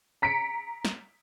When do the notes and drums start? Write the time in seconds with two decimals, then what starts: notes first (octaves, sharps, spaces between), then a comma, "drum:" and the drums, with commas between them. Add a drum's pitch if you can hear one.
0.22 A#5 B6 C#7 D7
0.85 drum: snare